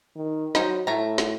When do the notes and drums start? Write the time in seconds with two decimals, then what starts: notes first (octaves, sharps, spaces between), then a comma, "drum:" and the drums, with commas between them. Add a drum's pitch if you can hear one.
0.16 D#3
0.55 F#3 D#4 C5, drum: snare
0.87 A2 A3 A#5
1.18 drum: snare